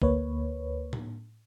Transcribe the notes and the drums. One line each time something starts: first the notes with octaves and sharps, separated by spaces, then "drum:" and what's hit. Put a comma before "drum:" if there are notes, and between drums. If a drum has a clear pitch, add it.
D2 A#3 B4 C#5, drum: kick
drum: tom A2